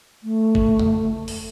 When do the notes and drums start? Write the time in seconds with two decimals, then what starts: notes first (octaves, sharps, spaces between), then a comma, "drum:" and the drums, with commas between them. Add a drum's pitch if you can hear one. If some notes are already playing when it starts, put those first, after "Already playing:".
0.23 A3
0.55 drum: kick
0.79 drum: tom F2
1.28 drum: open hi-hat